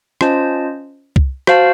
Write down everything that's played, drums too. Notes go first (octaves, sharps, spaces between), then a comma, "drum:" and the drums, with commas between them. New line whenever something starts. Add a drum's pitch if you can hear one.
C#4 F4 C5 D#5 A5, drum: rim click
drum: kick C2
F#4 C5 F5 A5, drum: rim click